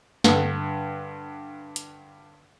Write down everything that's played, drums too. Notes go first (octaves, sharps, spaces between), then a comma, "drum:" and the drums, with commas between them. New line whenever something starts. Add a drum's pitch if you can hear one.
G2 D3, drum: snare
drum: hi-hat